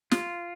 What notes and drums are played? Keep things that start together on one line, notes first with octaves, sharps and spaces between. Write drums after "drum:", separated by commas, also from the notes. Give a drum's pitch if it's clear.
F4, drum: snare